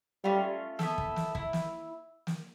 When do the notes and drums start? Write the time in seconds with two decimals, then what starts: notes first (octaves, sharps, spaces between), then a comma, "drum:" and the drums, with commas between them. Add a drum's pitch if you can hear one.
0.24 G3 A3 C#4 F4
0.79 B3 E4 A4, drum: snare
0.98 drum: kick
1.16 drum: snare
1.35 E4, drum: kick
1.53 drum: snare
2.27 drum: snare